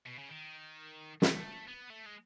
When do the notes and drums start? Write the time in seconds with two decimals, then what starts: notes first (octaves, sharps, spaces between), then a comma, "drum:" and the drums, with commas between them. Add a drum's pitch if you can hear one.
0.06 B2
0.18 C#3
0.29 D#3
1.22 A3, drum: snare
1.68 B3
1.90 A3
2.06 G#3